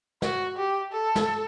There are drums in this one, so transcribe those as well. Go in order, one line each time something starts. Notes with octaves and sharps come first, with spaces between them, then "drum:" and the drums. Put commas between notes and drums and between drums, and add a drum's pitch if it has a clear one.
F#4, drum: snare
G4
A4
drum: snare